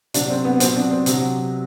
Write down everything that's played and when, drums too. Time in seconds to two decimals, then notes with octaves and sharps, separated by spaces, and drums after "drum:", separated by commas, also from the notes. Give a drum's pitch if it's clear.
0.14 C3 F#3 D4, drum: hi-hat
0.30 C4
0.45 B3
0.60 B2 F#3 C4, drum: hi-hat
0.76 D4
0.91 C4
1.06 C3 F#3, drum: hi-hat